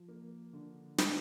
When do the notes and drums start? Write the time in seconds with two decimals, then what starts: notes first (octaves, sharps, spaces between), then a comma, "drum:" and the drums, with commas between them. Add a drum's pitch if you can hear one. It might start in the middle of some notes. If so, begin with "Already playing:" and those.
Already playing: F3
0.08 A#3
0.53 D3
0.98 D4, drum: snare